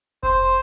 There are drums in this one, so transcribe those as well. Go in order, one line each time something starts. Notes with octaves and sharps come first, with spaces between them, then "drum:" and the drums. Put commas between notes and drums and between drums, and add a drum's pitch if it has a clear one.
C5, drum: kick F1